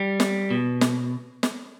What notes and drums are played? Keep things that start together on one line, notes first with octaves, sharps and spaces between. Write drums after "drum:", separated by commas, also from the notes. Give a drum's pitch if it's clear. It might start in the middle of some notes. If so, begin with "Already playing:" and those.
Already playing: G3
drum: snare
B2
drum: snare
drum: snare